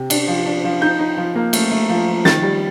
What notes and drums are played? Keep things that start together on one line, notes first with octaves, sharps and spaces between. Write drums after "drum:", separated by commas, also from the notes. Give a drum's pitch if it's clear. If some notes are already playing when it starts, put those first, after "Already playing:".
Already playing: C3
D4, drum: cymbal
F3
D4
F3
D#4 G6
D#4
F3
A#3
A3, drum: cymbal
A3
F3
F3
D#3 A6, drum: snare
G3